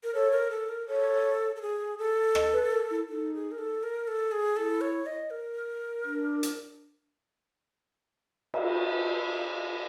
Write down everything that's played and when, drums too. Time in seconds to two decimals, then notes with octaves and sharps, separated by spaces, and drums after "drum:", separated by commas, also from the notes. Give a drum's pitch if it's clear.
0.03 A#4
0.14 A4 C#5
0.32 A#4
0.50 A4
0.69 A#4
0.88 A4 C#5
1.56 A4
1.62 G#4
1.99 A4
2.35 D#5, drum: rim click
2.53 B4
2.72 A#4
2.90 E4
3.09 D#4 A4
3.34 G#4
3.51 A#4
3.58 A4
3.83 A#4
4.08 A4
4.31 G#4
4.56 E4 A4
4.81 C#5
5.06 D#5
5.30 A#4
6.04 D4
6.43 drum: hi-hat
8.54 drum: cymbal